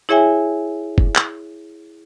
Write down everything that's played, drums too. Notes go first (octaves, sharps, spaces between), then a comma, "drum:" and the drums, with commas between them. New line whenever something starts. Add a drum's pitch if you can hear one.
E4 G#4 C#5 E5 G5 G#5
drum: kick
drum: clap